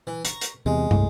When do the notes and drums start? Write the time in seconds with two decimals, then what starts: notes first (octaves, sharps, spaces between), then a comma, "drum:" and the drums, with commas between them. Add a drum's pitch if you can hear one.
0.07 E3
0.25 A#5 C#6, drum: hi-hat
0.41 drum: hi-hat
0.66 E2 C3 G#3
0.91 C2 A2, drum: tom